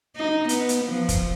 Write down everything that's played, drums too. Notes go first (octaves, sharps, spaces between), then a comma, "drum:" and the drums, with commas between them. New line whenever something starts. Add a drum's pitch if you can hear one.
D#4
B3, drum: hi-hat
drum: hi-hat
F3
drum: kick, hi-hat